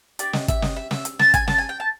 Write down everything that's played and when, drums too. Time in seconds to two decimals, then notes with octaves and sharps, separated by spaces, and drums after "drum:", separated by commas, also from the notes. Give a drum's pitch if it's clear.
0.19 D4 G4 D5, drum: hi-hat
0.33 D#5, drum: snare
0.48 E5, drum: kick, hi-hat
0.62 D#5, drum: snare
0.76 E5
0.91 E5, drum: snare
1.05 drum: hi-hat
1.19 A5, drum: snare
1.34 G#5, drum: kick, hi-hat
1.48 A5, drum: snare
1.58 G#5
1.69 G5
1.80 A5